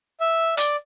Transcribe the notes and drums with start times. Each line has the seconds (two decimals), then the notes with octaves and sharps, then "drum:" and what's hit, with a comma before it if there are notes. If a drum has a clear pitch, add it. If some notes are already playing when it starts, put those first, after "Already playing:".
0.20 E5
0.57 D5, drum: hi-hat